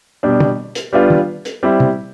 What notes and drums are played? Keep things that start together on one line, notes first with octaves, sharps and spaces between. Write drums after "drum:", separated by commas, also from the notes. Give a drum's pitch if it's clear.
B2 G3 D4
drum: tom
drum: hi-hat
G3 B3 D4 F4
drum: tom
drum: hi-hat
G3 C4 E4
drum: tom